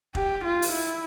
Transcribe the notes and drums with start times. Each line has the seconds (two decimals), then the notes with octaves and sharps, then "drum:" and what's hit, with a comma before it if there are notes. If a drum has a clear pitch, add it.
0.15 G4, drum: kick F1
0.44 F4
0.62 drum: open hi-hat
0.73 E4